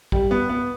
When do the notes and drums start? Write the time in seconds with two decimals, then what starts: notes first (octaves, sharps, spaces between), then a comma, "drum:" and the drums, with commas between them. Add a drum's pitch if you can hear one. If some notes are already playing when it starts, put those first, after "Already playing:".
0.12 G3, drum: kick A#1
0.31 B3
0.49 B3